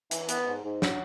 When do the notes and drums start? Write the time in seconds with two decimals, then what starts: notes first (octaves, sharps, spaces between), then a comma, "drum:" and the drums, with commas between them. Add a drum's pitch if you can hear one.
0.11 E3, drum: hi-hat
0.29 B3, drum: hi-hat
0.46 G#2
0.64 G#2
0.82 F#3, drum: snare